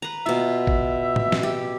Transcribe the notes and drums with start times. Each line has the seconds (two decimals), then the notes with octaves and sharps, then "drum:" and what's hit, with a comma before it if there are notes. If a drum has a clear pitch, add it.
0.02 B4 A#5
0.26 B2 F4 E5
0.67 drum: kick G#1
1.16 drum: tom A2
1.32 drum: snare
1.43 G4